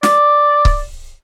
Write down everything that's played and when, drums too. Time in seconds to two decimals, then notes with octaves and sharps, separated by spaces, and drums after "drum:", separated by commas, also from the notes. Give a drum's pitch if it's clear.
0.03 D5, drum: snare
0.65 drum: kick C#1